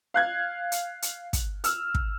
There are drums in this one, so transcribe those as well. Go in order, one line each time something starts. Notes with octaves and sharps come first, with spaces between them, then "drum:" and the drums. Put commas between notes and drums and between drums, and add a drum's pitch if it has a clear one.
F5 F#6 G#6
drum: hi-hat
drum: hi-hat
drum: kick, hi-hat
E6 F6, drum: hi-hat
drum: kick